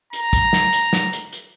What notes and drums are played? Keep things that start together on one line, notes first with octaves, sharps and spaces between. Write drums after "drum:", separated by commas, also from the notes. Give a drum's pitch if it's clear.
A#5, drum: hi-hat
drum: kick, hi-hat
drum: snare
drum: hi-hat
drum: snare
drum: hi-hat
drum: hi-hat